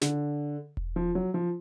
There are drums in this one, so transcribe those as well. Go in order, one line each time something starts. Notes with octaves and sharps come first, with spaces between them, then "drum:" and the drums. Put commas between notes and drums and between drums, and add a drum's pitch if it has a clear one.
D3, drum: snare
drum: kick E1
F3
F#3
F3